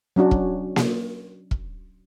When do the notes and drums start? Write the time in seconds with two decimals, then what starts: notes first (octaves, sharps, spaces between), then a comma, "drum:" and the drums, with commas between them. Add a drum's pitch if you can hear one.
0.16 F#3 C#4 D4 F#4
0.31 drum: kick
0.76 drum: snare A#3
1.51 drum: kick